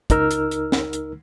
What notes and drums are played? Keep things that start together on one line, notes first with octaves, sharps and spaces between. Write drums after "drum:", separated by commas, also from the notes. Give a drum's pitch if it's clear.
C#2 D#4 A#4 E6 F6, drum: kick, hi-hat
drum: hi-hat
drum: hi-hat
drum: snare
drum: hi-hat